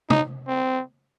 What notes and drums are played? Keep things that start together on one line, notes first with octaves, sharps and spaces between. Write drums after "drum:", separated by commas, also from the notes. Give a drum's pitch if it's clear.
D#4, drum: tom
C4